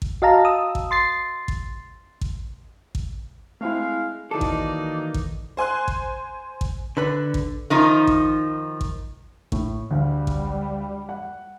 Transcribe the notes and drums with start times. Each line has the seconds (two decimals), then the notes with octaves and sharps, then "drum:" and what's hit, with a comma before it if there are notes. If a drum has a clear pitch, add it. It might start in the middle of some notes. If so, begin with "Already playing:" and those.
0.02 drum: kick A1
0.22 F#4 D#5 F5 A5 A#5
0.45 D#6 E6
0.75 drum: kick A1
0.91 C6 A6 C7
1.48 drum: kick A1
2.21 drum: kick A1
2.95 drum: kick A1
3.61 G#3 A3 C4 E4 F5
4.31 D#3 E3 F#3 A#3 D#4 A4 D5
4.41 drum: kick A1
5.14 drum: kick A1
5.57 C5 G#5 C6 F#6
5.88 drum: kick A1
6.61 drum: kick A1
6.97 D3 B4 B5
7.34 drum: kick A1
7.70 D#3 F3 D#4
8.07 drum: kick A1
8.81 drum: kick A1
9.52 A2, drum: kick A1
9.91 D2 G3 F5
10.27 drum: kick A1
11.09 F#5